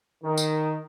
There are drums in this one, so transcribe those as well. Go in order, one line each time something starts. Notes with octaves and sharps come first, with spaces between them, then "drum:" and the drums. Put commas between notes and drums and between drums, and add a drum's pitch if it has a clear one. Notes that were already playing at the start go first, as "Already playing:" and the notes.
D#3
drum: tambourine